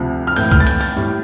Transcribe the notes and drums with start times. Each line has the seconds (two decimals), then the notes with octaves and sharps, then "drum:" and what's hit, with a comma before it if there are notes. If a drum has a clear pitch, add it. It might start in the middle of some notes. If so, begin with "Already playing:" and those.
Already playing: D2 C3 F3
0.27 F6
0.36 A2 E3 A3 G6, drum: open hi-hat
0.51 F6, drum: kick C2, hi-hat
0.60 A6
0.67 G6, drum: hi-hat
0.81 A6, drum: open hi-hat
0.96 A2 G3